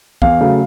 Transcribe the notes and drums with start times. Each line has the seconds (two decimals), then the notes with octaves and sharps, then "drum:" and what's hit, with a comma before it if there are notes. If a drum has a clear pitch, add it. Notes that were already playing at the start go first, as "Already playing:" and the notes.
0.22 E2 F5, drum: kick
0.41 C#3 F#3 A3